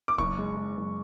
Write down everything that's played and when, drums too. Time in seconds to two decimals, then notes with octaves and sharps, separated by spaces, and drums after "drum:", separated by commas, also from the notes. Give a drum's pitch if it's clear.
0.08 D6
0.18 F#1 C#6, drum: kick
0.38 G#3
0.57 G#3
0.77 F#1